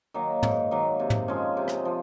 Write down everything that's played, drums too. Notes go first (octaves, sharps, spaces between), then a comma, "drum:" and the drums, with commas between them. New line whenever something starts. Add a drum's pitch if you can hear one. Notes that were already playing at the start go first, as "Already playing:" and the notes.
D#3 F#3 A#3
G#2, drum: tom
D#3 F#3 A#3
C3
drum: tom
F3 G#3 C#4
C3
drum: rim click
F3